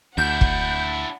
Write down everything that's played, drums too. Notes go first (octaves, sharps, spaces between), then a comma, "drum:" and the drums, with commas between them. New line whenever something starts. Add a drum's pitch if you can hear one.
D2 D4 E4 F#5 G6
drum: kick